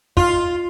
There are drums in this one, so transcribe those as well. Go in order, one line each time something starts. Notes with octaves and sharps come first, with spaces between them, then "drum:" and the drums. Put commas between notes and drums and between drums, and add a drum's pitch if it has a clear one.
F4, drum: kick